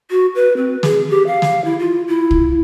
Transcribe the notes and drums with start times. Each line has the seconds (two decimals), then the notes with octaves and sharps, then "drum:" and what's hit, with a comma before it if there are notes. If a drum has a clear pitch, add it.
0.11 F#4
0.35 B4
0.57 C4
0.83 G#4, drum: snare
1.09 G4
1.27 F5
1.42 drum: snare
1.65 E4
1.79 F4
2.08 E4
2.31 drum: kick